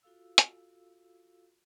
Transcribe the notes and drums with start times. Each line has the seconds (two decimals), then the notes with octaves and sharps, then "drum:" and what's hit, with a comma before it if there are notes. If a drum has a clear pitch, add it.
0.03 F4 F#4 A4 F5 E6
0.38 drum: hi-hat